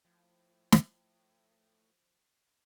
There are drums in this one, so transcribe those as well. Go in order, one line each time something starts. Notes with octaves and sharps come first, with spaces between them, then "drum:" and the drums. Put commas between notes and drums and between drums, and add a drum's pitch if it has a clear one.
A2 F3
drum: snare